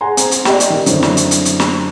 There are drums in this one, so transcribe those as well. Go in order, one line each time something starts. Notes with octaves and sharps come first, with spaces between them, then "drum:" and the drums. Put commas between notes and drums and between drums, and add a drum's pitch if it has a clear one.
G#4 F#5 G#5 A#5 C6
C4, drum: hi-hat
drum: hi-hat
G4 D5 D#5, drum: snare
drum: hi-hat
D#3
F#2 D3 F#3 C4 E4, drum: hi-hat
drum: snare
drum: hi-hat
drum: hi-hat
drum: hi-hat
drum: snare